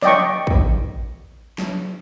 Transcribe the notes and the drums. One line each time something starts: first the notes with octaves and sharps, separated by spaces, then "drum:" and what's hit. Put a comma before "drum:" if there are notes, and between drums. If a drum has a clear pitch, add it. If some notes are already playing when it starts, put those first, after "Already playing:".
D5 D#5 G5 C#6, drum: snare
drum: kick
drum: snare